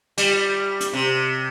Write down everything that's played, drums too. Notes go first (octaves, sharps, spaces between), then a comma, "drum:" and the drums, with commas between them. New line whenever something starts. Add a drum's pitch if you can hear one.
G3, drum: cymbal
drum: hi-hat
C3